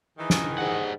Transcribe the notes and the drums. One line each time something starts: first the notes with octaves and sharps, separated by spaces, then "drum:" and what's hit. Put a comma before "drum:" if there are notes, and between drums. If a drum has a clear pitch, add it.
D#3 E3 G#4
drum: snare
G#2 G3 F#5